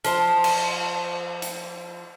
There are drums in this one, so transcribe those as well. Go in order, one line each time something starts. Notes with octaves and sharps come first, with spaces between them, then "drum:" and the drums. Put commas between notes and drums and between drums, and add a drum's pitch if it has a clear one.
F3 C5 A5, drum: hi-hat
drum: cymbal
drum: hi-hat